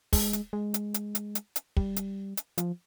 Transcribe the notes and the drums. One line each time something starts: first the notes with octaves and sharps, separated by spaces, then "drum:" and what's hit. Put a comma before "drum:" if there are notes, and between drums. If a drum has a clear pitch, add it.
G#3, drum: kick, open hi-hat
drum: hi-hat
G#3
drum: hi-hat
drum: hi-hat
drum: hi-hat
drum: hi-hat
drum: hi-hat
G3, drum: kick
drum: hi-hat
drum: hi-hat
F3, drum: hi-hat